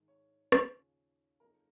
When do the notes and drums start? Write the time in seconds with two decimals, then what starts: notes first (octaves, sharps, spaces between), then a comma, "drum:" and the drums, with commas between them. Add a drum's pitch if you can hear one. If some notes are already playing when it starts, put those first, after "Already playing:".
Already playing: G#1 G#2 D#3 G#3
0.08 C#5
0.52 D#2 C#3 F3, drum: rim click
1.40 F#1 F2 F3 A#3 D#4 A#4